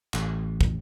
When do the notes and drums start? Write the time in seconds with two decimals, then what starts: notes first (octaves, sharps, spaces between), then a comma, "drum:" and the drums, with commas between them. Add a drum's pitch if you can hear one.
0.14 A1, drum: clap
0.61 drum: kick